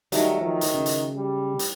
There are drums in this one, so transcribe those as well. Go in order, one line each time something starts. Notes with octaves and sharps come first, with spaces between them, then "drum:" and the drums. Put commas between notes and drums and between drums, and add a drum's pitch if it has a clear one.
D#3 F#3 G3 A3 D#4 F#4 A#4, drum: hi-hat
D#3 F3
drum: hi-hat
C#3
drum: hi-hat
G3
drum: hi-hat